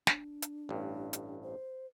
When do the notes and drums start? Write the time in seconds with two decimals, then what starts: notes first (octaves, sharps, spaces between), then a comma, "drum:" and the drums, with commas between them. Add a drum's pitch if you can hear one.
0.07 D4, drum: snare
0.42 drum: hi-hat
0.69 A1 G2
1.13 drum: hi-hat
1.42 C5